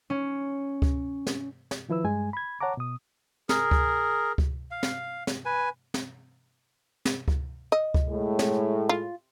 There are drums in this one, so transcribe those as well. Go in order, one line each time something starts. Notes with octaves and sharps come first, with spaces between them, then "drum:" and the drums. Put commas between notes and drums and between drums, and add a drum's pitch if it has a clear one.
C#4
drum: kick C#2
drum: snare
drum: snare
D#3 F3 E4 B4 E6
G2 G#3 G#5
B5 G#6
C#5 F#5 A5 A#5 D6
B2 D#6
G#4 A#4, drum: snare
drum: kick C#2
drum: kick C#2
F5
drum: snare
drum: snare
B4 G#5
drum: snare
drum: snare
drum: kick C#2
D#5
drum: kick C#2
A2 G#3
drum: snare
F4